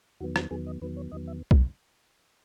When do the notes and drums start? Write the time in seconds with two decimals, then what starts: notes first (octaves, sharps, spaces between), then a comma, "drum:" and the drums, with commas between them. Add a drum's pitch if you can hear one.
0.20 E2 D#3 F#3 B3 F#4
0.36 F#4, drum: rim click
0.51 E2 D#3 F#3 B3 G#4
0.66 D#5
0.81 E2 D#3 F#3 B3 B4
0.96 C#5
1.12 E2 D#3 F#3 B3 D#5
1.27 E5
1.51 drum: kick